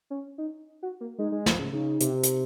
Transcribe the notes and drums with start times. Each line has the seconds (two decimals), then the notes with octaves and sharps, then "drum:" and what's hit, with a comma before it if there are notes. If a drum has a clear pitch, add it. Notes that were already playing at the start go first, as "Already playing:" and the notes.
0.10 C#4
0.38 D#4
0.83 F#4
1.01 A#3
1.18 G#3 D#4
1.32 G#3
1.46 F3, drum: snare
1.59 C#3
1.73 C#3 D#4
2.00 C3, drum: hi-hat
2.23 drum: hi-hat